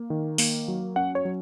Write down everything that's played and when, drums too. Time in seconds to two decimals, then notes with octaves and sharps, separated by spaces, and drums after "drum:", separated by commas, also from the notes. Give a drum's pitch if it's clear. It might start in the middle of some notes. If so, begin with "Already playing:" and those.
Already playing: A#3
0.10 D#3
0.38 A#3, drum: open hi-hat
0.68 F#3
0.96 C#4 F#5
1.15 C#5
1.25 F#3